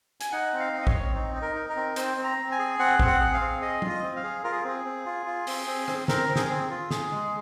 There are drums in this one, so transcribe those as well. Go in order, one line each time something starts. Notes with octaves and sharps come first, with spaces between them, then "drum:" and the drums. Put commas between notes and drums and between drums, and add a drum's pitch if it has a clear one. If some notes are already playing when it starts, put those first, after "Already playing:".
G#5, drum: hi-hat
D#4 F#5
C4
F5
C4
D#5
C#5, drum: kick A1
C4
D#4
D#4
A#4
D#4
A#4
C4
C4 C5, drum: hi-hat
C4
A#5
C4
G#5
G#4
C4 F#5
C4, drum: kick A1
F#5
G#4
F5
C4
G#4 D#5
F4, drum: tom F#3
D#5
C4
F5
G#4
F4 A#4
G#4
C4 G#4
C4
F4
F4
C4, drum: open hi-hat
C4
C4, drum: rim click
C4 A#4, drum: snare
C4
G#4, drum: snare
C4
F4
G#4, drum: snare
G#3